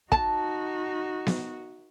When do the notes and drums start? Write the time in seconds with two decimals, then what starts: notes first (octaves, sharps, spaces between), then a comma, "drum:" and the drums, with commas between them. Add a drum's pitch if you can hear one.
0.12 D#4 F#4 A5, drum: kick
1.27 drum: snare B3